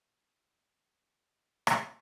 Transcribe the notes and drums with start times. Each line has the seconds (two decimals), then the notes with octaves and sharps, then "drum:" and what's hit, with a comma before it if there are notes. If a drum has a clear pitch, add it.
0.01 G#2
1.15 D1 G#1 D#2
1.67 drum: rim click
1.79 G4 A4